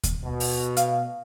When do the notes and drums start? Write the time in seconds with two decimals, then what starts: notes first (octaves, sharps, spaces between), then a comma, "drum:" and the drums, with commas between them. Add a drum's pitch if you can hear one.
0.04 drum: kick D#2, hi-hat
0.24 B2
0.40 drum: open hi-hat
0.77 F5, drum: hi-hat